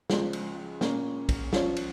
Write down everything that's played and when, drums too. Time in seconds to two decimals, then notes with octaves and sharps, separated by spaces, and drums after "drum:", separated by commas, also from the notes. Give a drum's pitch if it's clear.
0.10 C#2 C#3 F3 G#3, drum: snare
0.33 drum: cymbal
0.81 A#2 A#3 C#4, drum: snare
1.29 drum: kick, cymbal
1.53 F3 C#4 F4 C#5, drum: snare
1.76 drum: cymbal